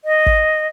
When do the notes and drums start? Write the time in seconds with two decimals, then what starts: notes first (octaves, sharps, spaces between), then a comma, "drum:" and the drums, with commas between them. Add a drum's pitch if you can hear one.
0.05 D#5
0.26 drum: kick